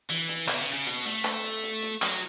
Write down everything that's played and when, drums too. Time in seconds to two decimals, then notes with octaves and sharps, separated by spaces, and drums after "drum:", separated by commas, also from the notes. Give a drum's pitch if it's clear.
0.10 E3, drum: hi-hat
0.29 drum: hi-hat
0.48 B2, drum: clap
0.61 C#3
0.73 C#3
0.86 B2, drum: hi-hat
1.06 A3, drum: hi-hat
1.25 drum: clap
1.44 drum: hi-hat
1.63 drum: hi-hat
1.82 drum: hi-hat
2.02 F#3, drum: clap